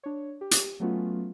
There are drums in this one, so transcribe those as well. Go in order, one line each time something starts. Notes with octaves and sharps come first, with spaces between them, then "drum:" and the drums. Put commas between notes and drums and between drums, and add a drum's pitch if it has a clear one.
D4 C#5
G4
drum: hi-hat
F#3 A3 B3 C#4 F4